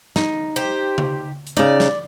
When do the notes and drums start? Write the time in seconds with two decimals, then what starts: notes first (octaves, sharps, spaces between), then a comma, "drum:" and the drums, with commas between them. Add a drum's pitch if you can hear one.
0.16 D#4, drum: snare
0.56 G4 C5
0.98 drum: tom C#3
1.47 drum: hi-hat
1.57 C#3 D#4 D5
1.80 drum: snare